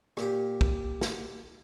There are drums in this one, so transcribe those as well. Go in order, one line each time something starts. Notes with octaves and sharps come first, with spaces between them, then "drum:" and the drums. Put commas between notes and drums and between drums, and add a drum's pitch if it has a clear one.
A#2 G4, drum: rim click
drum: kick
drum: snare